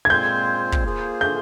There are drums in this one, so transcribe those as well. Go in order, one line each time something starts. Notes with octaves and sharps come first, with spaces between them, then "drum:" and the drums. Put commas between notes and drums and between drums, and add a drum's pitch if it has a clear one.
G#6
A#2 G#3 C4 F4 C5 G6
drum: kick
A#3 F4 G#4 C5
G6